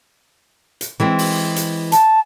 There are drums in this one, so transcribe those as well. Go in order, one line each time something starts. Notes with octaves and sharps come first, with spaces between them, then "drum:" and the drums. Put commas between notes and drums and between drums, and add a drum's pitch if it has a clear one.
drum: hi-hat
E3 G#3 C4
drum: open hi-hat
drum: hi-hat
A5, drum: hi-hat